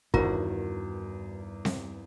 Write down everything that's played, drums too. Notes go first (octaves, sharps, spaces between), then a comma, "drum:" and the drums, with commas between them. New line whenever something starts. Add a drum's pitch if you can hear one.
E2 G2 D#3 F4 F#4 A#4 C5 A#5, drum: kick
drum: snare C4